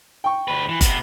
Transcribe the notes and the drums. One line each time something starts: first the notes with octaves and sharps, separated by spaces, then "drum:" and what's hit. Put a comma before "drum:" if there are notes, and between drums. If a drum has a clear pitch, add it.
G5 C#6
D2 B4
E3
C3 B3, drum: kick, hi-hat